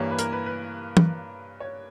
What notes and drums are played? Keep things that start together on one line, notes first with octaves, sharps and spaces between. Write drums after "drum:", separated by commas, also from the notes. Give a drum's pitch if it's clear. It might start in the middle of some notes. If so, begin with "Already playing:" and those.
Already playing: G2 E3 A#3 C#5
B4
A#4, drum: hi-hat
B4
B4
drum: tom
C#5